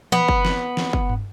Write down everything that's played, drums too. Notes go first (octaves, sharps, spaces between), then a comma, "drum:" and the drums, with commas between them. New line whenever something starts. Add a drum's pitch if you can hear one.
B3, drum: tom E3
drum: kick F#1
drum: snare
drum: snare
drum: kick F#1
drum: tom G2